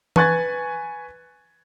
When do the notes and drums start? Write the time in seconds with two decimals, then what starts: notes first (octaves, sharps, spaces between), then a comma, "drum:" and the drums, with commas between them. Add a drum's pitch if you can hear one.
0.16 B4 G#5 C#6 F#6 G#6 A6, drum: tom E3